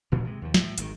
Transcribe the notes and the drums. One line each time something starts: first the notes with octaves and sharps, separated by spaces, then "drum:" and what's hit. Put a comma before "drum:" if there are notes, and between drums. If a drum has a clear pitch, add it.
A1 G2 A#2 F3
C3 G#3
D#2 F3
A2, drum: snare
G#1 C3 D#3, drum: hi-hat